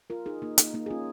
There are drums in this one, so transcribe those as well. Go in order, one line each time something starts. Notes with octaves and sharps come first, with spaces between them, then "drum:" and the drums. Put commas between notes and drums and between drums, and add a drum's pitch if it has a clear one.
F4 A#4
D#4 G#4
A#3 D#4
A#3 D#4, drum: hi-hat
A#3 D#4
G#4
C#4 F4